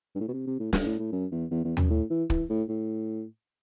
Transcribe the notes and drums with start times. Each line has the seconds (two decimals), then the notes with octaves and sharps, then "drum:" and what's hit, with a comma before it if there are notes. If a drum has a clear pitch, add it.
0.15 G2
0.20 A2
0.29 B2
0.33 C3
0.47 C3
0.60 A2
0.73 G2, drum: snare
0.86 A2
0.99 A2
1.12 F#2
1.32 E2
1.51 E2
1.65 E2
1.77 F#2, drum: tom
1.90 A2
2.10 E3
2.30 E3, drum: kick
2.50 A2
2.69 A2